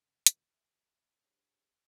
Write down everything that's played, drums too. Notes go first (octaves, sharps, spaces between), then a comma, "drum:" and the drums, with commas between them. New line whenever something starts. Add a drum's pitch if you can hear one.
G2 C#3 F#5 E6
E2 B2 D3 G3 G#3 B3, drum: hi-hat
E5 G#5
D4 G4 G#4 C5 C#5